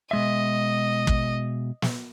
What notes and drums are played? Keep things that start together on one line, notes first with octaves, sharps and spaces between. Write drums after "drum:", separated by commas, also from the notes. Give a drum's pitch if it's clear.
B2 G#3 D#5 E5
drum: kick
drum: snare